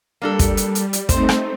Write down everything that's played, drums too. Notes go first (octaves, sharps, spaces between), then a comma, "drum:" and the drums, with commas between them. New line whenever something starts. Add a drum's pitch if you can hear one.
G3 A#3 D4 A4
drum: kick, hi-hat
drum: hi-hat
drum: hi-hat
drum: hi-hat
A3 C4 D#4 C5, drum: kick, hi-hat
drum: rim click